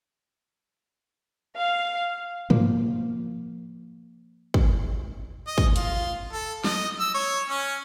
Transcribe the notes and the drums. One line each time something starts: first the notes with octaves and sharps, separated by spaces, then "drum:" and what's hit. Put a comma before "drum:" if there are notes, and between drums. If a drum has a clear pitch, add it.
F5
F3 A#3, drum: tom
drum: kick
D#5
drum: kick
F4, drum: hi-hat
A4
D#5, drum: snare
E6
C#5
C#4